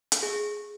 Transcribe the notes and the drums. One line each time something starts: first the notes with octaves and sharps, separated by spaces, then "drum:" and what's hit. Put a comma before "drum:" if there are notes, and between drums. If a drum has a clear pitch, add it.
drum: hi-hat
G#4